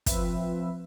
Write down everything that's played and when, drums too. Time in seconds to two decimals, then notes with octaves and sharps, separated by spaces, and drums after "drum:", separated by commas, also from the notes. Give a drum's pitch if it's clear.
0.06 F3 C4 B4 E5, drum: kick, hi-hat